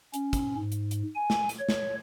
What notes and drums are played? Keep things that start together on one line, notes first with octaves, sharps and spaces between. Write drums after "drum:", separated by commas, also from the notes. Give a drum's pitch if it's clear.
C#4, drum: hi-hat
drum: kick, hi-hat
G#2
drum: hi-hat
drum: hi-hat
G#5
drum: snare
drum: hi-hat
C#5
drum: snare